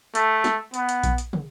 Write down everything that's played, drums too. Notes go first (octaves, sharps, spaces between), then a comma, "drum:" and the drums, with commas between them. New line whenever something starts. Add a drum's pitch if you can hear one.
A3, drum: hi-hat
drum: snare
B3, drum: hi-hat
drum: hi-hat
drum: kick A#1, hi-hat
drum: hi-hat
drum: tom